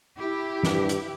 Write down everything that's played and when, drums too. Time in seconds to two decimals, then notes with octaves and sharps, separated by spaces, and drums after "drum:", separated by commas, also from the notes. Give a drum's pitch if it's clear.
0.16 E4 G4
0.63 G2, drum: snare
0.89 drum: hi-hat